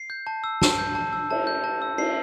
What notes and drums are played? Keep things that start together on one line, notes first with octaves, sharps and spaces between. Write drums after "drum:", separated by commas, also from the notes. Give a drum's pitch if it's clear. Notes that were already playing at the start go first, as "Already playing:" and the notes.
Already playing: C7
G6
A5
E6
A5, drum: snare
G6
A5
E6
A5, drum: cymbal
G6
A5
E6
A5 C7, drum: cymbal